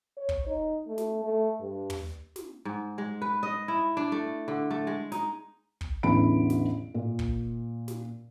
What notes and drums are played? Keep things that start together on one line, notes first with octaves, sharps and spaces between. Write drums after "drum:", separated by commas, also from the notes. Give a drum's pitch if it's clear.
C#5
drum: kick
D#4
A3
drum: snare
A3
G2
drum: tom
drum: snare
G#2
G#3
B4
D#5
E4
D4
A3
D3
A3
G#3
D#4, drum: snare
drum: kick
A1 E2 D3 E3 B5 D7
drum: snare
A#2
drum: kick
drum: snare